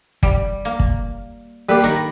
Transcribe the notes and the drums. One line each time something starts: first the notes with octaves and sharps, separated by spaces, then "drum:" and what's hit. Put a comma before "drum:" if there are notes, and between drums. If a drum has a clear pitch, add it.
G3, drum: kick
A#3
drum: kick
G3 A#3 G4 B4
D#3 A#4 A#5 B5